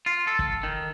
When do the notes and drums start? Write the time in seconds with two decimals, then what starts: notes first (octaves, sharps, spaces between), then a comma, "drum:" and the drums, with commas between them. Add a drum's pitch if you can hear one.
0.06 F4
0.27 A4
0.39 drum: kick
0.63 D#3